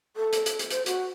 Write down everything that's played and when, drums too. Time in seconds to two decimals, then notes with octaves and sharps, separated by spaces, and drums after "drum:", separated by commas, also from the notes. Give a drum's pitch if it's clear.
0.16 A4
0.33 drum: hi-hat
0.46 drum: hi-hat
0.59 drum: hi-hat
0.70 C5, drum: hi-hat
0.86 F#4, drum: hi-hat